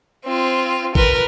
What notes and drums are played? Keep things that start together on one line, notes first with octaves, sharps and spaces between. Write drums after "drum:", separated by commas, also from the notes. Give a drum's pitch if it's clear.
C4 F4
A#4 B4, drum: kick G#1